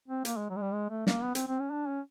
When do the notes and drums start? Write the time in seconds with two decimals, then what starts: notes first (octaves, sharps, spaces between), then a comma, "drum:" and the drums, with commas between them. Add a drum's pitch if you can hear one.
0.08 C4
0.25 A#3, drum: hi-hat
0.37 G#3
0.50 F#3
0.56 G#3
0.61 G3
0.73 G#3
0.90 A3
1.07 A#3, drum: snare
1.23 B3
1.35 C4, drum: hi-hat
1.47 C4
1.60 C#4
1.71 D4
1.88 C#4